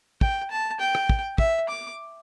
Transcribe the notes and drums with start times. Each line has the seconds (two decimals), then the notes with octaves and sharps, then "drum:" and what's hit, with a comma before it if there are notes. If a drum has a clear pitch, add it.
0.21 G5, drum: kick
0.51 A5
0.80 G5
0.95 drum: rim click
1.09 drum: kick
1.38 E5, drum: kick
1.69 D6